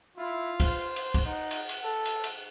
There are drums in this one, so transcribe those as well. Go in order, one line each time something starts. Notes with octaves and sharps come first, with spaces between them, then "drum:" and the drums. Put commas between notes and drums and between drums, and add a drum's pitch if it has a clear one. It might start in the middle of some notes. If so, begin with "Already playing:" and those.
E4 F4
C5, drum: kick C2, cymbal
drum: cymbal
drum: kick C2, cymbal
D#4 F#5
drum: cymbal
drum: cymbal
A4
drum: cymbal
drum: cymbal